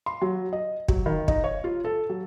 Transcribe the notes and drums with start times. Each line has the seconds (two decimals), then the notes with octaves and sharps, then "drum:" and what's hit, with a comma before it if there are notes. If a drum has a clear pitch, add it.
0.06 C6
0.22 F#3
0.53 D#5
0.88 F#3, drum: kick
1.06 D#3
1.28 D#4, drum: kick
1.44 C#5
1.64 F4
1.85 A4
2.09 F#3